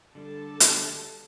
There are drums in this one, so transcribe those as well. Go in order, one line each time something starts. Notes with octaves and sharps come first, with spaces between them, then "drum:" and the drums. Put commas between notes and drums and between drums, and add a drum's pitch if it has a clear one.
D3 G3 A4 A5
drum: hi-hat